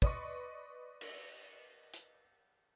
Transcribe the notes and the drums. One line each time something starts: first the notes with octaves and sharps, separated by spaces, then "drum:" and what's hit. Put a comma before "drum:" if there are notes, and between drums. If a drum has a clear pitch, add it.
B4 D5 D#5 C6 C#6, drum: kick
drum: cymbal
drum: hi-hat